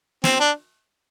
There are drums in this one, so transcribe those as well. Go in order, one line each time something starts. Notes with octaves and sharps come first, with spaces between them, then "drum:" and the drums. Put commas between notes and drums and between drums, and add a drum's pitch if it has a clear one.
C4, drum: snare
D4